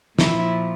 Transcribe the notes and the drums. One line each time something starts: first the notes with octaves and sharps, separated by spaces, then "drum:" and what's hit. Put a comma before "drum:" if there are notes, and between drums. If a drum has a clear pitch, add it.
A#2 F3 E4, drum: snare